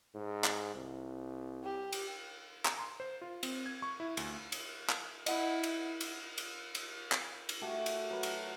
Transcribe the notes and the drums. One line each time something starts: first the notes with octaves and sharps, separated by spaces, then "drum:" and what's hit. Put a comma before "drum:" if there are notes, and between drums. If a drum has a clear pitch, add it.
G#2
drum: clap
C2
G4
drum: cymbal
A#5, drum: clap
C6
C5
F4
C4, drum: cymbal
G#6
C#6
E4
D2, drum: cymbal
drum: cymbal
drum: clap
E4 D#5 F#5, drum: cymbal
drum: cymbal
drum: cymbal
drum: cymbal
drum: cymbal
drum: clap
drum: cymbal
A3 F#4 G4
drum: cymbal
F#3 B4
drum: cymbal